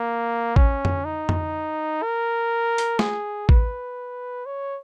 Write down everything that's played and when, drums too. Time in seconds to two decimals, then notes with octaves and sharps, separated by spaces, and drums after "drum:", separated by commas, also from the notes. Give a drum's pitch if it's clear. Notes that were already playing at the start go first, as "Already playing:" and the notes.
Already playing: A#3
0.56 C#4, drum: kick A1
0.85 drum: tom F2
1.05 D#4
1.29 drum: tom F2
2.02 A#4
2.78 drum: hi-hat
2.99 G#4, drum: snare
3.49 B4, drum: kick A1
4.46 C#5